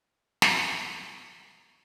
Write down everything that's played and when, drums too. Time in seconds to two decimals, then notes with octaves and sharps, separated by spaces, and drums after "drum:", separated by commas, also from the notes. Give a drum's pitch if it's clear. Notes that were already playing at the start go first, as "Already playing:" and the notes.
0.42 drum: snare
0.56 B6 C7